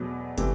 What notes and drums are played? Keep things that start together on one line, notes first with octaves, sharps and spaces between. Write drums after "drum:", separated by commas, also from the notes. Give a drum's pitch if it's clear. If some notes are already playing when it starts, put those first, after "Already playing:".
Already playing: E2 B2 F#3 A3
C3 E3 A3, drum: kick, hi-hat